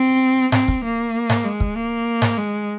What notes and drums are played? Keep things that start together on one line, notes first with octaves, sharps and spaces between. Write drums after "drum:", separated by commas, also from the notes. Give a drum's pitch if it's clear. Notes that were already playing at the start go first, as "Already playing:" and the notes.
Already playing: C4
C4, drum: snare G#2
drum: kick
A#3
drum: snare G#2
G#3
drum: kick
A#3
drum: snare G#2
G#3